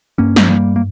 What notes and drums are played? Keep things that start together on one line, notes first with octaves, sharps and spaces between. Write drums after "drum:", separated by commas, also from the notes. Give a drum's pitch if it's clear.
G2 A#3 C#4
drum: snare
G3 A#3
A#3